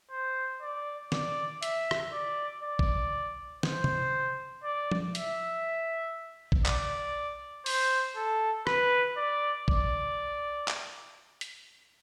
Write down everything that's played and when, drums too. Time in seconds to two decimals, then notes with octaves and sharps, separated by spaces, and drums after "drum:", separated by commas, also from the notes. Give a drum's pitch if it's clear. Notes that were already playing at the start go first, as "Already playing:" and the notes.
0.11 C5
0.62 D5
1.12 D5, drum: snare
1.63 E5, drum: hi-hat
1.91 drum: rim click
2.13 D5
2.63 D5
2.79 drum: kick
3.63 C5, drum: snare
3.84 drum: tom C3
4.64 D5
4.92 drum: tom
5.15 E5, drum: hi-hat
6.52 drum: kick
6.66 D5, drum: clap
7.66 C5, drum: open hi-hat
8.16 A4
8.67 B4, drum: rim click
9.17 D5
9.68 D5, drum: kick
10.68 drum: clap
11.41 drum: hi-hat